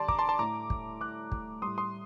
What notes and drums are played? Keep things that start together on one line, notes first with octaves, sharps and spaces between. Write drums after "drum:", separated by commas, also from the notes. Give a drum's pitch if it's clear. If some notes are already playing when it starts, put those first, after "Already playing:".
Already playing: D3 G3 G4 D5 A5 C6
A#5 D6, drum: kick
A5 C6
A5 C6
A2 A3 A#5 D6
drum: kick
D6 F#6
drum: kick
A2 G3 C6 D#6
C6 D#6